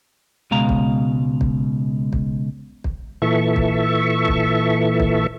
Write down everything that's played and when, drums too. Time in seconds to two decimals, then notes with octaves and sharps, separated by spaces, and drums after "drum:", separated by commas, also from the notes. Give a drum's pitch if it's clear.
0.51 C#2 B2 G#3 F5 A#5
0.69 drum: kick
1.41 drum: kick
2.13 drum: kick
2.84 drum: kick
3.22 A#2 E3 A4 E5 C#6
3.56 drum: kick
4.28 drum: kick
5.00 drum: kick